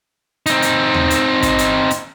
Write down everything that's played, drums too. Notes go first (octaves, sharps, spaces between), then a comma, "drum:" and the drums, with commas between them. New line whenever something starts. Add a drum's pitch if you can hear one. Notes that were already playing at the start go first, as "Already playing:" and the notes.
C4 D#4, drum: hi-hat
drum: hi-hat
drum: tom D#2
drum: hi-hat
drum: kick, hi-hat
drum: hi-hat
drum: hi-hat